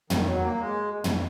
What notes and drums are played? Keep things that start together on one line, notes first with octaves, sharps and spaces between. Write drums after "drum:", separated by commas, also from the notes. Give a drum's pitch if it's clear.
D#3, drum: tom
F#3
A#3
G#3
drum: tom